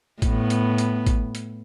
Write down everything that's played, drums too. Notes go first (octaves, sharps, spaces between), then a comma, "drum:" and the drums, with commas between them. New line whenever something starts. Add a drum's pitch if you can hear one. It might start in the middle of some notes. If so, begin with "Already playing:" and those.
A2 B3, drum: kick, hi-hat
drum: hi-hat
drum: hi-hat
drum: kick, hi-hat
drum: hi-hat